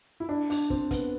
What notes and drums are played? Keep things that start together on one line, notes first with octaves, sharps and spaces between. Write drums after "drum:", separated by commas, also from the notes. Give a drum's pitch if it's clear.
E4
D4
D4, drum: open hi-hat
C4, drum: kick
B3, drum: kick, hi-hat